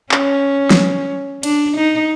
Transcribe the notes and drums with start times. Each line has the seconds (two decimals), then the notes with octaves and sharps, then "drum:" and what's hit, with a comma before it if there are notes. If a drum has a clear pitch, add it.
0.11 C#4, drum: clap
0.70 drum: snare
1.43 D4, drum: cymbal
1.77 D#4